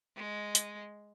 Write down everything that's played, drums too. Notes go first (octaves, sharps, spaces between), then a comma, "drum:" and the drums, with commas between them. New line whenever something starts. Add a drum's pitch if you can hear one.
G#3
drum: hi-hat